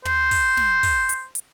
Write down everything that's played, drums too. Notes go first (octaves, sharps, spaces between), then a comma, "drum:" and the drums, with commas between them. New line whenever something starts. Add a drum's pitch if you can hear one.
C5, drum: tom
drum: kick, open hi-hat
drum: snare
drum: kick, open hi-hat
drum: hi-hat
drum: hi-hat